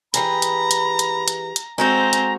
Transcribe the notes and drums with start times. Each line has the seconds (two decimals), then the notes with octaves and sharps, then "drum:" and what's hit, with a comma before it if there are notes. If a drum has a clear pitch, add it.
0.14 E3 G4 G#4 A#5 B5, drum: hi-hat
0.42 drum: hi-hat
0.71 drum: hi-hat
0.99 drum: hi-hat
1.28 drum: hi-hat
1.56 drum: hi-hat
1.78 G#3 C4 F#4 A4 C5 G#5 A#5
2.13 drum: hi-hat